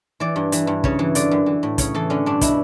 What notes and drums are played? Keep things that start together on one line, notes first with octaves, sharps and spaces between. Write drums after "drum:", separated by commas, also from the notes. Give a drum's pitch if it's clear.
E3 D5
G2
E3, drum: hi-hat
G2
C#3 C#5, drum: kick
E3
D3 D5, drum: hi-hat
F#2
E3
A2
C#3 C#5, drum: kick, hi-hat
E3 A4
D3 C#4
G2 D4
B2 E4, drum: kick, hi-hat